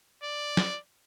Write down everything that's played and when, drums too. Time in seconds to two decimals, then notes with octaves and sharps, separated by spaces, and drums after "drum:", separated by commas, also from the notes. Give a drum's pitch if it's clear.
0.23 D5
0.57 drum: snare